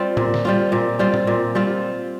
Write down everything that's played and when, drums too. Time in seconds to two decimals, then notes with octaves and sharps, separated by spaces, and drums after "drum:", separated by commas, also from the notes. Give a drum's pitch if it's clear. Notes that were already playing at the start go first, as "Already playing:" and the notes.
Already playing: G3 C4 F4
0.17 A#2, drum: tom A2
0.34 drum: snare
0.45 G3 C4 F4
0.72 A#2
0.99 G3 C4 F4
1.14 drum: tom A2
1.27 A#2
1.55 G3 C4 F4